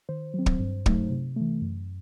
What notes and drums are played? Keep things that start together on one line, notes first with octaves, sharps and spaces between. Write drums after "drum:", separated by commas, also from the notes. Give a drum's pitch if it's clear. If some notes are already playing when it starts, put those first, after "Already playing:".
D#3 C5
F#3 C4
drum: kick
G2
F#3 A3 D#4, drum: kick
C3
E3 A3
F#2